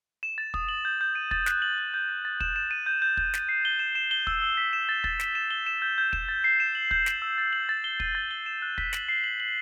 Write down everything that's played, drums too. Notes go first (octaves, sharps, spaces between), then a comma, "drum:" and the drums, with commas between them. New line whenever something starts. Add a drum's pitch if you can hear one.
E7
A6
D#6, drum: kick
F#7
G6
G6
D#7
A6, drum: kick
F#6, drum: snare
F#7
F#7
G6
A6
A6
E7, drum: kick
E7
D#7
G6
G6
G6, drum: kick
A6, drum: snare
C7
G7
E7
E7
G7
E6, drum: kick
E6
B6
E7
A6
A6, drum: kick
B6, drum: snare
E7
G7
E7
G6
G6
E7, drum: kick
A6
C7
E7
F#7
G6, drum: kick
F#7, drum: snare
E6
A6
F#7
A6
G7
D#7, drum: kick
A6
G7
E7
F#6
B6, drum: kick
F#7, drum: snare
C7
F#7
F#7